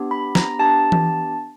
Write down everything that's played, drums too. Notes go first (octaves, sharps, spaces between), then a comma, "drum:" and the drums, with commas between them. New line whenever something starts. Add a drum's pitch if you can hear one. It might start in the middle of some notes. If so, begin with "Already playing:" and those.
Already playing: B3 D4 G4
B5
A#5, drum: snare
B3 D4 G4 A5
drum: tom E3